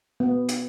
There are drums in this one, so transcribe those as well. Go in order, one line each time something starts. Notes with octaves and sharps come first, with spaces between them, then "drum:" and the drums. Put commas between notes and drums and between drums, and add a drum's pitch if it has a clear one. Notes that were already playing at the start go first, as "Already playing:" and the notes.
B3
drum: hi-hat